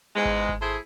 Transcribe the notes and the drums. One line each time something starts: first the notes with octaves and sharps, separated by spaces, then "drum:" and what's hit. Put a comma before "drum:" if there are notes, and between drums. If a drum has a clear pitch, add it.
E2 G#2 G#3
drum: kick G#1
drum: kick G#1
A3 E4 G#4 C5